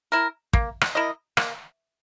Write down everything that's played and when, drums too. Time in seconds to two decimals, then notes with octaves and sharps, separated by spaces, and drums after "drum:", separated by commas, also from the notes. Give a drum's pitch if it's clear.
0.12 E4 A#4
0.53 A#3, drum: kick
0.81 drum: rim click
0.95 E4 A#4 D#5
1.37 A#3, drum: rim click